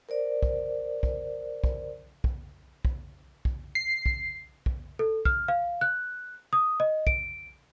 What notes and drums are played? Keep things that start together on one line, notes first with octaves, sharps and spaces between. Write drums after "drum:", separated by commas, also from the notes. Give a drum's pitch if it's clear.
A#4 C5 D5
drum: kick
drum: kick
drum: kick
drum: kick
drum: kick
drum: kick
C7
drum: kick
drum: kick
A4
F6, drum: kick
F5
F#6
D#6
D#5
D7, drum: kick